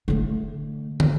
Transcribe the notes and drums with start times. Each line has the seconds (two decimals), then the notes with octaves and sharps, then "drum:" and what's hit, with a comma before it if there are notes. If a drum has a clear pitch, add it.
0.08 D3 A3
1.00 drum: tom